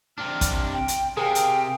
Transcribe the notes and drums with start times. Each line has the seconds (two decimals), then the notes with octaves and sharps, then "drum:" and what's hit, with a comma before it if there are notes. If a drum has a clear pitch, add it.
0.18 C3 D4 F6
0.41 drum: kick, hi-hat
0.74 G5
0.88 drum: hi-hat
1.17 C3 G#4 A#4 F5 G5
1.35 drum: hi-hat